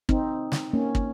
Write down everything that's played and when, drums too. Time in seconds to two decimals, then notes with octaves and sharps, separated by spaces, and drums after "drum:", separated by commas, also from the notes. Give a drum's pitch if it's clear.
0.09 C4 D#4, drum: kick
0.52 drum: snare
0.73 A#3 C#4
0.95 drum: kick